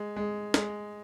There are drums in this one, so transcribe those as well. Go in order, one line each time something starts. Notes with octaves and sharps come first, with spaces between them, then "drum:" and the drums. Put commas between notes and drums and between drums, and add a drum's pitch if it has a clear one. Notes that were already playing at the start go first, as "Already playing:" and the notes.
Already playing: G#3
G#3
G#3, drum: snare